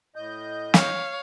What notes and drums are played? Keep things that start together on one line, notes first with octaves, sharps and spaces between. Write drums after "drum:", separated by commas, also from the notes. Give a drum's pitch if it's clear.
A2 D#5 G6
C#5 F5, drum: snare